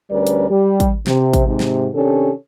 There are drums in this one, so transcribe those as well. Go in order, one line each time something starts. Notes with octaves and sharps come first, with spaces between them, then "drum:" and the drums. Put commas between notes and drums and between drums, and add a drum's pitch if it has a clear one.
D2 G3 C#4 A#4 B4 D5
drum: hi-hat
G3
drum: kick, hi-hat
C3, drum: snare
drum: kick, hi-hat
G#2 C3
drum: snare
C3 D#3 C#4 D4 G4 A4